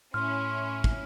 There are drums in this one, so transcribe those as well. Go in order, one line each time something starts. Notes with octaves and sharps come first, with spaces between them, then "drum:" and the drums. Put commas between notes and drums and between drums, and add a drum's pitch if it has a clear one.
A2 C#4 E4 C6 F6
drum: kick